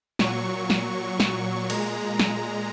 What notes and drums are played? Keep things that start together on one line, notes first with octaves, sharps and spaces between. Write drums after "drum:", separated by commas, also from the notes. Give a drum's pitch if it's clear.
A#2 F#3 C#6, drum: snare
drum: snare
drum: snare
A#2 G#3 A#5, drum: cymbal
drum: snare